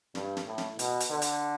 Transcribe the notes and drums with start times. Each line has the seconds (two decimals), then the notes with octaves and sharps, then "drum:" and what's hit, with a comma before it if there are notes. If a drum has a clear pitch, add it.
0.15 G2, drum: snare
0.37 drum: snare
0.47 A2
0.58 drum: snare
0.79 B2, drum: hi-hat
1.00 drum: hi-hat
1.10 D3
1.22 drum: hi-hat